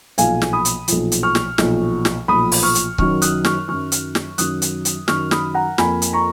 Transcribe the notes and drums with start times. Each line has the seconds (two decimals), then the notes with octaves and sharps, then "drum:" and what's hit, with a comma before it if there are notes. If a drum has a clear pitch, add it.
0.18 B1 A#2 F3 F5 G#5, drum: hi-hat
0.42 drum: snare
0.53 B5 D#6
0.65 drum: hi-hat
0.88 B1 A#2 F3, drum: hi-hat
1.12 drum: hi-hat
1.23 C#6 F6
1.35 drum: snare
1.58 B1 A#2 F3, drum: snare
2.05 drum: snare
2.28 B1 A#2 F3 B5 D#6
2.52 drum: open hi-hat
2.63 C#6 F6
2.75 drum: hi-hat
2.98 F#2 D#3 F#3 C#6 F6, drum: kick C#1
3.22 D#6 F#6, drum: hi-hat
3.45 C#6 F6, drum: snare
3.68 F#2 D#3 F#3 C#6 F6
3.92 drum: hi-hat
4.15 drum: snare
4.38 F#2 D#3 F#3 D#6 F#6, drum: hi-hat
4.62 drum: hi-hat
4.85 drum: hi-hat
5.08 F#2 D#3 F#3 C#6 F6, drum: snare
5.31 B5 D#6, drum: snare
5.54 F#5 A#5
5.78 F2 F3 A#3 G#5 B5, drum: snare
6.02 drum: hi-hat
6.13 A#5 C#6